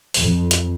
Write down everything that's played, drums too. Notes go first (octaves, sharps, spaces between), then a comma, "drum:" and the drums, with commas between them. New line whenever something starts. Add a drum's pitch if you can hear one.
F2, drum: open hi-hat
drum: hi-hat